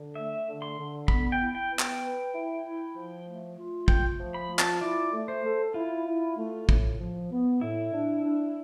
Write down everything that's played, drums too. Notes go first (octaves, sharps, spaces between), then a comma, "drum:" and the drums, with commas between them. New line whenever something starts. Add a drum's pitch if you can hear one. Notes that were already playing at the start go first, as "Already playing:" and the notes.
Already playing: D3
A3 E5
D3
C6
D3
B3 B5, drum: kick
G5
E4
G5
B3
G5, drum: clap
B4
E4
E4
F3
A3
F4
A3 G5, drum: kick
F3
B5
F4
A5, drum: clap
E4 D5
A3
C5
A4
E4 F4
E4
A3
A2, drum: kick
F3
B3
A2 E4
D4
D4